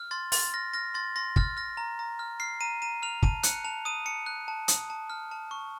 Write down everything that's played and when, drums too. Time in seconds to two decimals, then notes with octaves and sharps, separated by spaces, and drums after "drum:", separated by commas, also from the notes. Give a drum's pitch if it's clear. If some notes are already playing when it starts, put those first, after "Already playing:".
Already playing: F6
0.11 C6 A6
0.32 C6 A6, drum: open hi-hat
0.54 F6 A#6
0.73 F6 A#6
0.94 C6 A6
1.16 C6 A#6
1.36 F6 A6, drum: kick
1.57 F6 A#6
1.77 A#5
1.99 A#5
2.19 F6
2.40 F6 C7
2.61 A#5 D#7
2.82 A#5 D#7
3.02 F6 F7
3.23 A5 D#7, drum: kick
3.43 F#6 C#7, drum: hi-hat
3.65 A5 F7
3.85 D#6 D#7
4.06 A5 C#7
4.26 F#6
4.48 A5
4.68 D#6, drum: hi-hat
4.90 A5
5.10 F6
5.31 A5
5.51 C#6